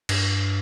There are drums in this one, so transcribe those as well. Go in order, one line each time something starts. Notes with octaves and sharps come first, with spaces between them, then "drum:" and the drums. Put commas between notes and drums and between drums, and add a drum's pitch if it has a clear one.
G2, drum: cymbal